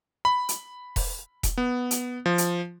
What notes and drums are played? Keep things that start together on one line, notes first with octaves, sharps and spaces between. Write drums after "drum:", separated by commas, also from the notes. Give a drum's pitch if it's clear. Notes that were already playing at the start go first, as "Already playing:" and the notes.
B5
drum: hi-hat
drum: kick E1, open hi-hat
drum: kick E1, hi-hat
B3
drum: hi-hat
F3
drum: hi-hat